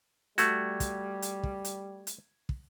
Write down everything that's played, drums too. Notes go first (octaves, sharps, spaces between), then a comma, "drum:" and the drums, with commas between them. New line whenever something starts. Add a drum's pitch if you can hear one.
G3 A3 F#4 G#6, drum: hi-hat
drum: kick, hi-hat
drum: hi-hat
drum: kick
drum: hi-hat
drum: hi-hat
drum: kick